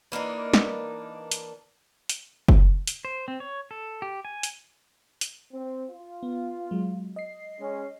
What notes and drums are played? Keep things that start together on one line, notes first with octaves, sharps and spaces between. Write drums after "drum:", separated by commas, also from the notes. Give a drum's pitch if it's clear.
E3 A#3 D4 D#4
drum: snare
drum: hi-hat
drum: hi-hat
drum: kick
drum: hi-hat
C5
C4
C#5
A4
G4
G#5
drum: hi-hat
drum: hi-hat
C4
F4
B3
F#3 G#3
D#5 C7
G#3 C#4